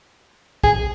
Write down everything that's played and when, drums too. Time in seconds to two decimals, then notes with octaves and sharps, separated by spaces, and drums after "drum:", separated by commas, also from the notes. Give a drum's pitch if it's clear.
0.63 G#4, drum: kick